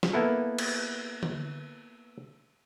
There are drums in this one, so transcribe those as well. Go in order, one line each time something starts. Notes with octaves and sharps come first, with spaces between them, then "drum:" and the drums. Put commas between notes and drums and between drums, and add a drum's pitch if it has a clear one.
drum: snare
A#3 B3 E4 A4
drum: cymbal
drum: tom D3